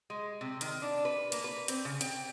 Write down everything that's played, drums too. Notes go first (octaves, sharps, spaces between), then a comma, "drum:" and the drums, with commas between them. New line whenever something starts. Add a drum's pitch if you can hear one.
G#3
C3
D#3, drum: hi-hat
D4
B4
A#3, drum: hi-hat
B4
C4, drum: hi-hat
C#3
G5, drum: hi-hat